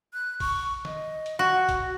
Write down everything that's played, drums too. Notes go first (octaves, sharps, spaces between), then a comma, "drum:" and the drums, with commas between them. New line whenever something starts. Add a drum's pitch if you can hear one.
F#6
C#6, drum: kick, open hi-hat
D#5, drum: snare
drum: hi-hat
F#4 F#5
drum: kick, hi-hat